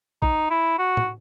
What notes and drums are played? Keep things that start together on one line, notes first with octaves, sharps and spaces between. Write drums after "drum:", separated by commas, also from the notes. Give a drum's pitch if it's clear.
D#4, drum: kick
E4
F#4
drum: tom